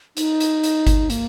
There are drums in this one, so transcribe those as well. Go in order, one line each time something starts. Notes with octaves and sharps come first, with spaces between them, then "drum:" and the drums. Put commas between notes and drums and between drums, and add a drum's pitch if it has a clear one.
D#4, drum: hi-hat
drum: hi-hat
drum: hi-hat
drum: kick G1, hi-hat
A#3, drum: hi-hat